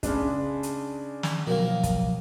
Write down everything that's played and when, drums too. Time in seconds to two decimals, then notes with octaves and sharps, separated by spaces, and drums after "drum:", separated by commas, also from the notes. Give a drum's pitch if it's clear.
0.03 C#3 G#3 D4, drum: kick, hi-hat
0.63 drum: hi-hat
1.23 drum: snare
1.47 B2 D#3 F3 F#3 A#3
1.83 drum: kick, hi-hat